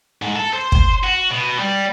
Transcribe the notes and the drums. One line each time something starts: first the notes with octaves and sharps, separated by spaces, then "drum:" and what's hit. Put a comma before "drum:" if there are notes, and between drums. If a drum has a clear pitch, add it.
G#2
A4
C5
drum: kick
F#4
B2
G3